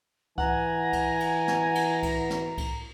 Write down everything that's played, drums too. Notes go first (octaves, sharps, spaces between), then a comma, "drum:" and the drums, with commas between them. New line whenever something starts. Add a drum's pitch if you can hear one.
E3 F#5 G#5 A#5, drum: kick C2
drum: kick C2, cymbal
drum: cymbal
drum: snare
drum: cymbal
drum: kick C2, cymbal
drum: snare
drum: kick C2, cymbal